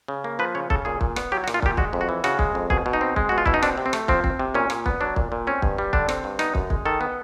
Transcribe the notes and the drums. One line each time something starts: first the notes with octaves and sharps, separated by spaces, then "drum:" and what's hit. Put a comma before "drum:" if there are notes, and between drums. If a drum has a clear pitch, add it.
C#3
A#3
F3 B4
C#3 C#5
C#3 A4, drum: kick
A#2 G#4
A#2, drum: kick
B3, drum: rim click
F#3 G4
F#4
A#2, drum: rim click
F4
A#2 G4, drum: kick
G#3 F#4, drum: kick
F2
F#4
E3
C#3 F#4, drum: rim click
G#3, drum: kick
F2
B2 G#4, drum: kick
B2
D#4
C4
G#3, drum: kick
B2 F#4
F4
B2 E4, drum: kick
D#4
C4 D4, drum: rim click
C3
C4
A3, drum: rim click
F3 C4, drum: kick
C4, drum: kick
C3
A#2 C#4
A#2, drum: rim click
B3, drum: kick
F#3 D4
A#2, drum: kick
A#2
C4 C#4
G2, drum: kick
G3
D3 D4, drum: kick
C4, drum: rim click
G2
B3 D#4, drum: rim click
F#2, drum: kick
G#3, drum: kick
D#3 A4
B3